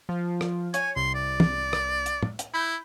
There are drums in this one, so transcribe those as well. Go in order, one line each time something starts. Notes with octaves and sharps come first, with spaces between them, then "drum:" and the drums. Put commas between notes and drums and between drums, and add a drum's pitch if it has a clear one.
F3 F4
drum: rim click
C#5 G#5, drum: hi-hat
C2 C6
D5
drum: tom
drum: rim click
drum: hi-hat
drum: tom
drum: hi-hat
E4 B5 G6